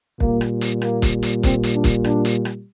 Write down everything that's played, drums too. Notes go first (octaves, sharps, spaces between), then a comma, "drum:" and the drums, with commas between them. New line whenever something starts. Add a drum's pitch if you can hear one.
A#2 G3 A#3, drum: kick
drum: rim click
drum: hi-hat
A#3, drum: rim click
drum: kick, hi-hat
drum: hi-hat
C4, drum: kick, hi-hat
drum: hi-hat
D4
drum: kick, hi-hat
D4, drum: rim click
drum: hi-hat
drum: rim click